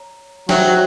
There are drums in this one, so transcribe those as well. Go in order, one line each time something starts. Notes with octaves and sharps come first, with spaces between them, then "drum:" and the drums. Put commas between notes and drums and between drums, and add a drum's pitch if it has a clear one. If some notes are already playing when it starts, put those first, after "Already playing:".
Already playing: C#5 A#5
F#3 C5 E5 G5, drum: snare